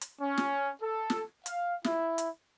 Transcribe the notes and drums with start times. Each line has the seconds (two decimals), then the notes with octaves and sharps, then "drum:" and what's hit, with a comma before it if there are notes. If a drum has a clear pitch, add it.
0.01 drum: hi-hat
0.21 C#4
0.38 drum: snare
0.82 A4
1.10 drum: snare
1.46 F5, drum: hi-hat
1.84 E4, drum: snare
2.18 drum: hi-hat